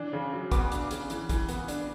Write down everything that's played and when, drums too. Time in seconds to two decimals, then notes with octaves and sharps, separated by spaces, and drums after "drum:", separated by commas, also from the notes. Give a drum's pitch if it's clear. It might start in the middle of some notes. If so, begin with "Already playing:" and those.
Already playing: E3 D4
0.13 C#3
0.33 F#3
0.51 B3 D6, drum: kick, hi-hat
0.72 D4, drum: hi-hat
0.91 C#3, drum: hi-hat
1.10 E3, drum: hi-hat
1.29 E3, drum: kick, hi-hat
1.49 B3, drum: hi-hat
1.68 D4, drum: hi-hat